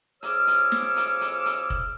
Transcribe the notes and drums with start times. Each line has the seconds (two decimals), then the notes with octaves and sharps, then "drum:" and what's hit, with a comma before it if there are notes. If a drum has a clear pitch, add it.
0.23 F2 G#4 C#5 D6 E6 F6, drum: hi-hat
0.47 drum: hi-hat
0.72 drum: snare
0.96 drum: hi-hat
1.21 drum: hi-hat
1.46 drum: hi-hat
1.70 drum: kick